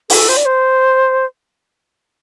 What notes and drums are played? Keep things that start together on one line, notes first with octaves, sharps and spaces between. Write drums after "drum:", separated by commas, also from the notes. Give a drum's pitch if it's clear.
A4, drum: open hi-hat
C5
D5
C5